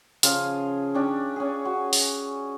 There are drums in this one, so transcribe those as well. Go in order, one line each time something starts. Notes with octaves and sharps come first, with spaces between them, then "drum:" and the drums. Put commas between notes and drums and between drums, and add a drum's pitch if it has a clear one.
C#3 F3 G#4 F5, drum: hi-hat
C#4 D4 G4
C#4 G#4
F#4
drum: open hi-hat